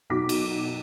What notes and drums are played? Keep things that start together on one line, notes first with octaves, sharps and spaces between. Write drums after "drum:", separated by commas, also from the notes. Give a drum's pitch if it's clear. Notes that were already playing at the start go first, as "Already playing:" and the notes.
B1 D#4 F#4 D6 B6
drum: cymbal